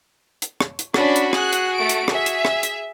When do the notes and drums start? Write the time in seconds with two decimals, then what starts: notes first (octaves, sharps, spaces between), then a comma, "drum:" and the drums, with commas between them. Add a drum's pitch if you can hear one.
0.42 drum: hi-hat
0.61 drum: rim click
0.79 drum: hi-hat
0.94 C#4 D4 F#4 B5, drum: rim click
1.16 drum: hi-hat
1.33 G#4 F#6, drum: rim click
1.53 drum: hi-hat
1.75 A3 D7
1.89 drum: hi-hat
2.08 G#4 E5, drum: rim click
2.26 drum: hi-hat
2.45 drum: rim click
2.63 drum: hi-hat